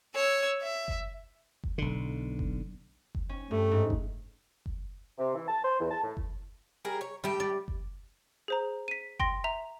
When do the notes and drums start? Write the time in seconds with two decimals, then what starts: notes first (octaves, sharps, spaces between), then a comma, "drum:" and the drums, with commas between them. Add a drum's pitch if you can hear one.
0.15 C#5 E6
0.62 E5
0.88 drum: kick F#1
1.64 drum: kick F#1
1.78 B1 D3
2.39 drum: kick F#1
3.15 drum: kick F#1
3.29 C#4
3.51 G2 A3
3.72 G#2
3.90 drum: kick F#1
4.66 drum: kick F#1
5.19 C3
5.35 E3
5.48 A5
5.63 C5
5.80 E2
5.91 A5
6.03 A2
6.17 drum: kick F#1
6.85 G3 G#4 A#4
7.01 C#5
7.24 A2 G3 G4
7.40 D5
7.68 drum: kick F#1
8.48 G#4 C5 A#5
8.88 B6 D#7
9.20 G5 C6 A#6, drum: kick F#1
9.44 E5 A#5 F7